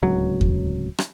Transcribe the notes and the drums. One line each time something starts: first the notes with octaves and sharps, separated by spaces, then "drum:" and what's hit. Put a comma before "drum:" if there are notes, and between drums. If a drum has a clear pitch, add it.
D1 C#2 F#3
drum: kick E2
drum: rim click